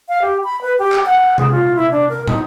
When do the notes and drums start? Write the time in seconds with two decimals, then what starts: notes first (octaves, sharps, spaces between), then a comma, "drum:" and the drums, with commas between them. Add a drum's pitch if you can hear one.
0.09 F5
0.22 G4
0.44 B5
0.62 B4
0.79 G4
0.92 drum: clap
1.06 F#5
1.38 G#4, drum: tom C3
1.51 F4
1.76 E4
1.91 D4
2.09 A#4
2.28 D#4, drum: tom